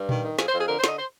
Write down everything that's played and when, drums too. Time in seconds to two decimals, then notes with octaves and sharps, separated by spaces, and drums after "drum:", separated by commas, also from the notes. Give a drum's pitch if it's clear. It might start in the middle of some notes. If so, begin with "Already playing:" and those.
Already playing: G2
0.09 D#3, drum: tom A#2
0.23 D#3
0.39 F2 G#4, drum: snare
0.48 C5
0.54 F2
0.59 G#4
0.68 D3 A#4
0.79 C5
0.84 D3, drum: snare
0.89 D#5
0.99 C5